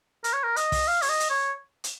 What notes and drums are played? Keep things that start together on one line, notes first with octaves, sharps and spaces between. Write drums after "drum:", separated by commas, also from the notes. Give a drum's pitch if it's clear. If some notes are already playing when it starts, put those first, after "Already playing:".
A#4, drum: hi-hat
C#5
A#4
D#5, drum: hi-hat
drum: kick, open hi-hat
F5
C#5, drum: open hi-hat
D#5
drum: hi-hat
C#5
drum: hi-hat